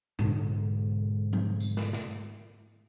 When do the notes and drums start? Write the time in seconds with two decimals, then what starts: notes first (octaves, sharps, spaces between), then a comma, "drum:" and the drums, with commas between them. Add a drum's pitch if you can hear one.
0.19 G#2 B2 D3, drum: tom
1.33 drum: tom F3
1.60 drum: tambourine
1.77 drum: snare
1.93 drum: snare